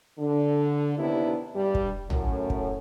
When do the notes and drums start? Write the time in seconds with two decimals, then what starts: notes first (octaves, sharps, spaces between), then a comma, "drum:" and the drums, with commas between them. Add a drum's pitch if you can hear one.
0.19 D3
0.97 D#2 C3 B3 D4 E4
1.55 G2 G3
1.75 drum: kick
2.10 F#2 A2, drum: tom A#1
2.50 drum: kick